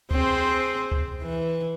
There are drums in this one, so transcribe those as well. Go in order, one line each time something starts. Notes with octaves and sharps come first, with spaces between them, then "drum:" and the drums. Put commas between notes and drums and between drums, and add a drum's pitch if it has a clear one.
C4 G#4 C5, drum: kick C#2
drum: kick C#2
E3